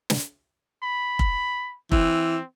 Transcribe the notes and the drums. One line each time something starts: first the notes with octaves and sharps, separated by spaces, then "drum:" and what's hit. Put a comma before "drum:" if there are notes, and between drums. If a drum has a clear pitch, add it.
drum: snare
B5
drum: kick F1
E3 C4, drum: kick F1